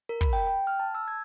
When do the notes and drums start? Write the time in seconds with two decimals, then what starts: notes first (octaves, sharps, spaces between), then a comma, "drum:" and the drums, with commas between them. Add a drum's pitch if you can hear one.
0.09 A#4
0.21 B5, drum: kick
0.33 G5
0.47 G5
0.67 F6
0.80 A5
0.95 E6
1.08 G#6